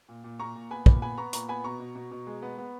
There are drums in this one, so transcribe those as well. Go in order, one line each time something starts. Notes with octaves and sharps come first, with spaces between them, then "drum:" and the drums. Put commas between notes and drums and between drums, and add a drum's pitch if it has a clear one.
A#2
A#2
A#2 A#5 C#6
A#2
B3 G#5 B5
A#2, drum: kick
B3 G#5 B5
B3 A#5 C#6
A#2 A#5 C#6, drum: hi-hat
B3 G#5 B5
B2 A#5 C#6
B2
B2
B2
G#3
B3
B3